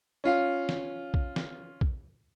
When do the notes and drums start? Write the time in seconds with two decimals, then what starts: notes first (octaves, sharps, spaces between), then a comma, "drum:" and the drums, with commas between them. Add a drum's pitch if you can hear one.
0.24 C#4 F4 F5
0.69 drum: snare
1.14 drum: kick
1.36 drum: snare
1.81 drum: kick